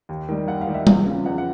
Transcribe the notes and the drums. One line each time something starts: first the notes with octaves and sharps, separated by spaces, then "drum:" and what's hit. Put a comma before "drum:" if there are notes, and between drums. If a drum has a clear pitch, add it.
D#2
D#3 G3
D#2 F#5
F5
D#3 G3
E5
E2 F5, drum: tom G3
C#3 F3
E2 F#5
F#5